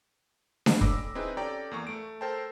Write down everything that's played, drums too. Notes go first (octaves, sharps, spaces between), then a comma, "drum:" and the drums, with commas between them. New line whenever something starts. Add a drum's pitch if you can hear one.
drum: snare D4
B5 D6 E6 A#6, drum: kick
C4 D#4 E4 G#4 B4
C#4 G4 A4 D5 G5 A#5
E2 A#3 C#6
A3 D7
A4 A#4 C5 G5 A5